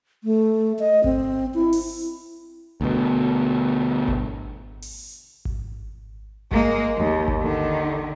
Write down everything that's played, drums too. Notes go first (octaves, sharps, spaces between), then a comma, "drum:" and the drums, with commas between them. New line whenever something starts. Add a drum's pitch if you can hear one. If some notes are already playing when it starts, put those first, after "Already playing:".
A3
D#5
C4, drum: kick G#1
E4
drum: open hi-hat
D2 B2
drum: kick G#1
drum: open hi-hat
drum: kick G#1
G#3 A#3, drum: kick G#1
D#2
drum: kick G#1
D3 D#3